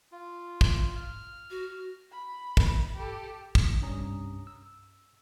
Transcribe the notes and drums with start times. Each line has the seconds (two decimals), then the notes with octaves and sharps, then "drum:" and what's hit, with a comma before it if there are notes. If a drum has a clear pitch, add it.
0.12 F4
0.61 drum: kick
0.96 F6
1.50 F#4
2.12 B5
2.57 drum: kick
2.95 G4 A4
3.55 drum: kick
3.81 C2 G2 C#4 A#5 D#6
4.47 E6